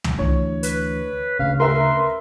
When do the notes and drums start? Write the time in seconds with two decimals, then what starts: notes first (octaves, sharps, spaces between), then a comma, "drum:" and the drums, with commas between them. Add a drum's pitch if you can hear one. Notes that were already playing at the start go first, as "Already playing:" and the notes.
0.04 drum: tom
0.19 D2 E3 C#5
0.63 B4, drum: hi-hat
1.39 D2 C#3 F5
1.60 A#4 B4 E5 C6